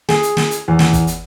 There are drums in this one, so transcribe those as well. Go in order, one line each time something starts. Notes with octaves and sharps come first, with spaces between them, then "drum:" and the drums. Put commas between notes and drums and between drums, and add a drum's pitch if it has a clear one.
G#4, drum: snare
drum: hi-hat
drum: snare
drum: hi-hat
E2
drum: snare
drum: kick, hi-hat
drum: hi-hat